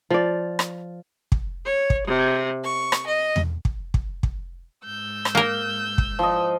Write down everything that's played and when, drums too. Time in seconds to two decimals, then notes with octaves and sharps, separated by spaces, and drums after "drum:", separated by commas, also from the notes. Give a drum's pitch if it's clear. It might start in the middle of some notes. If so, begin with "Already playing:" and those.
0.10 F3 D5
0.59 drum: rim click
1.32 drum: kick
1.65 C#5
1.90 drum: kick
2.07 C3
2.63 C#6
2.92 drum: rim click
3.06 D#5
3.36 drum: tom E2
3.65 drum: kick
3.94 drum: kick
4.23 drum: kick
4.84 G#2 E6 G6
5.25 drum: rim click
5.35 A#3 A#4
5.98 drum: kick
6.19 F3 D#5